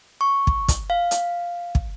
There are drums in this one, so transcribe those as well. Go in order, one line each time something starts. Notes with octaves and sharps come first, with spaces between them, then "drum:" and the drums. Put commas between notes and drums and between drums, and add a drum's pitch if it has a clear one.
C#6
drum: kick
drum: kick, hi-hat
F5
drum: hi-hat
drum: kick